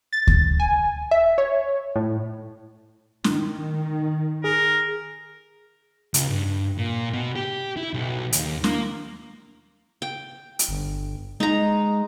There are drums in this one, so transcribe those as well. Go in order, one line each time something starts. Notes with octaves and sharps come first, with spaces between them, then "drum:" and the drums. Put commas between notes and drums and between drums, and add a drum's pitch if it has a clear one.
A6
drum: kick D2
G#5
E5
C#5
A2
D#3, drum: snare
G#4 A#4
C#2, drum: hi-hat
G2
A#2
B2
G4
E4
B1
D#2, drum: hi-hat
A#3, drum: snare
G5
drum: hi-hat
G1
G#3 D#4 A#5